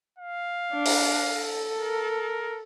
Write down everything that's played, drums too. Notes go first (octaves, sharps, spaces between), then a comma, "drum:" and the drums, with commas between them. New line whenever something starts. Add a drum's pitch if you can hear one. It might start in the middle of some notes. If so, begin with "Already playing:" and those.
F5
D4
drum: open hi-hat
A4
A#4